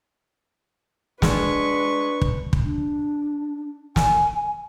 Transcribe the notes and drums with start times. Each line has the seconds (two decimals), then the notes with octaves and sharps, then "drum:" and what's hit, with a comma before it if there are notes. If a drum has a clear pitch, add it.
1.22 G#3 D4 B4 C#6, drum: snare
2.22 drum: kick
2.53 drum: kick
2.62 D4
3.96 G#5, drum: snare